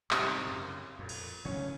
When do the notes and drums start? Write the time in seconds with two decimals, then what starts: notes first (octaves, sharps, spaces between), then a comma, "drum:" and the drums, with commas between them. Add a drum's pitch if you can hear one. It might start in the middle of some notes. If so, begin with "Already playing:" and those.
0.11 G#2 C3 G3, drum: clap
0.47 F#2 C#3
0.99 F2 A#2
1.09 drum: cymbal
1.45 C#3 F#3 A3 C#4